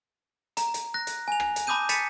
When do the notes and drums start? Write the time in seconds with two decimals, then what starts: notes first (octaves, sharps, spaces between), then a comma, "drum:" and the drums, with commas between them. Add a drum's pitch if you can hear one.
0.57 A#5, drum: hi-hat
0.74 drum: hi-hat
0.94 F#6 A#6
1.07 drum: hi-hat
1.28 G#5 F7
1.40 drum: rim click
1.56 drum: hi-hat
1.67 A5 B5 D6 D#6 G6 D#7
1.89 B5 A6 B6 C#7 D#7 E7, drum: hi-hat